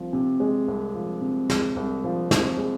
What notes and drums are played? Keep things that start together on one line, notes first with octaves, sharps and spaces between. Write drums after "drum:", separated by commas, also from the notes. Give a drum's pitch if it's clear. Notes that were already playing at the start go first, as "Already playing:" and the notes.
Already playing: C2 F3
C3
G#3
C2
F3
C3
G#3, drum: snare
C2
F3
C3, drum: snare
G#3